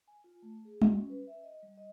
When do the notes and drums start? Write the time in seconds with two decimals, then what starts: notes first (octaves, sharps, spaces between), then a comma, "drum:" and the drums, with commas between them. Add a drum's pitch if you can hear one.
0.08 G#5
0.24 F4
0.42 A3
0.65 G#4
0.82 F#4, drum: tom G3
0.97 C#4
1.10 B4
1.27 E5
1.43 D#5
1.63 G3
1.77 D#5